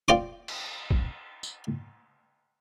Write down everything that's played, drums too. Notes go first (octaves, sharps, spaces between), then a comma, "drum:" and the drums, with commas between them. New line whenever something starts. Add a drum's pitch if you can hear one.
F4 C5 D5 G5 C6 D6
drum: cymbal
drum: kick
drum: tambourine